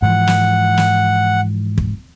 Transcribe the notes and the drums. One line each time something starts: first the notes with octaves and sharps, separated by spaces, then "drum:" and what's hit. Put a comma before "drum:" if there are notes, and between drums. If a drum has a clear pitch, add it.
G#2 E3 F3 F#5
drum: snare
drum: snare
drum: kick